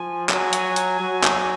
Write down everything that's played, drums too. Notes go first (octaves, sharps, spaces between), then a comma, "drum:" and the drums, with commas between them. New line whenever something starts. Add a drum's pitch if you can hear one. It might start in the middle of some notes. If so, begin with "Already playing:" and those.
Already playing: F3 G#5
F#3 G#5, drum: clap
drum: hi-hat
drum: hi-hat
F#3
drum: clap